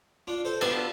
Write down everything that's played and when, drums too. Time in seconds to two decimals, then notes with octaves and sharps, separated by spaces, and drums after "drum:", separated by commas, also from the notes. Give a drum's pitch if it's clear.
0.27 D4 F4
0.45 A4 C5
0.61 B3 D4 F4 G4 A4 B4, drum: cymbal